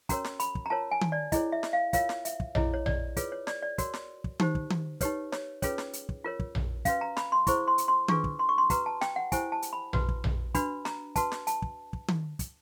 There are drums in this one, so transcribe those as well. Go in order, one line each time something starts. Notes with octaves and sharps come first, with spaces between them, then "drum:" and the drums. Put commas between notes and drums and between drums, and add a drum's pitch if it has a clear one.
C#4 F#4 A#4 C#5 A#5, drum: kick, hi-hat
drum: snare
B5, drum: hi-hat
drum: kick
A#5
F4 A#4 C#5 A5
G#5
drum: tom D#3
D5
E4 G#4 C#5 D#5, drum: kick, hi-hat
E5
drum: snare
F5
F4 A#4 C#5 F5, drum: kick, hi-hat
drum: snare
E5, drum: hi-hat
drum: kick
E4 G#4 C#5 D#5, drum: tom A#1
C#5
D5, drum: tom A#1
F4 G#4 B4 C#5, drum: kick, hi-hat
C#5
D5, drum: snare
D5
F#4 A#4 C#5, drum: kick, hi-hat
drum: snare
drum: kick
D#4 G4 C5, drum: tom D#3
drum: kick
drum: tom D#3
D#4 G4 B4 C#5, drum: kick, hi-hat
C#5, drum: snare
C#4 F4 G#4 B4 C#5, drum: kick, hi-hat
drum: snare
drum: hi-hat
drum: kick
F4 A#4 C#5
drum: kick
drum: tom A#1
C#4 F#4 B4 F5, drum: kick, hi-hat
A#5
B5, drum: snare
C6
E4 G#4 C5 C#6, drum: kick, hi-hat
C6
drum: hi-hat
C6
D4 F4 G#4 B4 C#6, drum: tom D#3
drum: kick
C6
C#6
C6
F#4 B4 A#5, drum: kick, hi-hat
A5
G5, drum: snare
F#5
E4 G4 C5 G#5, drum: kick, hi-hat
A5
drum: hi-hat
B5
F#4 B4, drum: tom A#1
drum: kick
drum: tom A#1
D4 F#4 B4 B5, drum: kick, hi-hat
A#5, drum: snare
F#4 B4 A5, drum: kick, hi-hat
drum: snare
A5, drum: hi-hat
drum: kick
drum: kick
drum: tom D#3
drum: kick, hi-hat